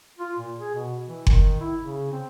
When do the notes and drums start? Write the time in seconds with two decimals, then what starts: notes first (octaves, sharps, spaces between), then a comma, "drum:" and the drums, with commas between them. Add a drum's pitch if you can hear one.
0.18 F4
0.38 A#2
0.59 G#4
0.75 B2
1.06 E3
1.27 D#3, drum: kick F#1
1.61 E4
1.81 C#3
2.12 C4